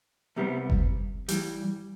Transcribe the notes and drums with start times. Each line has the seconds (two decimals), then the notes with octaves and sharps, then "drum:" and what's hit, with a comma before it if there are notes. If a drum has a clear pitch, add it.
0.36 C2 C3 G3 B3
0.70 drum: kick F#1
1.28 G2 E3 G3, drum: hi-hat